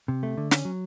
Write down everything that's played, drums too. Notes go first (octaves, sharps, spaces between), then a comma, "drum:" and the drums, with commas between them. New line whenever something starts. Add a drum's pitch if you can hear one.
C3
A3
D3
C#4, drum: snare
F#3